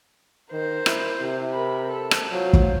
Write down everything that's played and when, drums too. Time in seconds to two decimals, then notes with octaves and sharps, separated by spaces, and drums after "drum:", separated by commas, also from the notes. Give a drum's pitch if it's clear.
0.52 D#3 A#4 C5
0.86 E4, drum: rim click
1.21 C3
1.52 A#4 B5
1.91 A4
2.11 drum: rim click
2.32 F#3 F4 C5
2.53 drum: kick